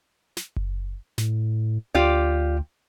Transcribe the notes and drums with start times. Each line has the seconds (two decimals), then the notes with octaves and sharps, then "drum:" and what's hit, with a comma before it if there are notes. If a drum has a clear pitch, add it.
0.37 drum: snare
0.56 drum: kick F#1
1.18 A2, drum: snare
1.94 D2 F4 G4 D5